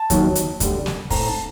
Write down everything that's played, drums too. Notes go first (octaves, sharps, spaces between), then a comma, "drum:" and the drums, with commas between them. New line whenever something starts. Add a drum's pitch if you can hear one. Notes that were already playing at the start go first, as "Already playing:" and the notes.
Already playing: A5
D#2 D#3 F#3 A#3, drum: kick, hi-hat
drum: hi-hat
D2 D3 G3, drum: kick, hi-hat
drum: snare
A2 A3 C4 A#5, drum: kick, open hi-hat
A5